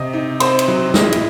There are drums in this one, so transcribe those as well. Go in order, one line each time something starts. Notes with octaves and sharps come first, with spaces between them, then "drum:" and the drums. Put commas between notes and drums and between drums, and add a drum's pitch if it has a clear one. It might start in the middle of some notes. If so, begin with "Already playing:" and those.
Already playing: C3 D#5 D#6
D#4
C4 C5 C6, drum: cymbal
drum: cymbal
F#3
E4 D#5 D#6, drum: snare
drum: cymbal